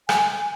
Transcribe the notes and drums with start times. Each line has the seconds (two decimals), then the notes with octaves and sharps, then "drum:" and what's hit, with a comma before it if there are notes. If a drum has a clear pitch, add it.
0.09 G#5, drum: rim click